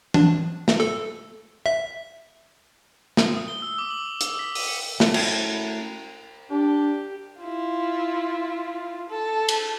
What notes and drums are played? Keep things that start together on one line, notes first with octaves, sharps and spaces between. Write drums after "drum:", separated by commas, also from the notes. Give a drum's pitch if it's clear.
D4, drum: tom E3
drum: snare
A4
E5
D#6, drum: snare
D#6
G7
E6
D6
F#7
F7
E6, drum: hi-hat
B6
D#7, drum: open hi-hat
C#7
A3 C#4 E4 F#4 A4, drum: snare
drum: cymbal
D4 G4
E4 F4
A4
drum: cymbal